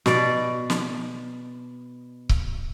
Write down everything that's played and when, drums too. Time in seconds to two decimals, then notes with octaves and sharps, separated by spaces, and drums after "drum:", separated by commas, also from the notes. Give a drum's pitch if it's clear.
0.06 B2 D5, drum: snare
0.70 drum: snare
2.29 drum: kick C#1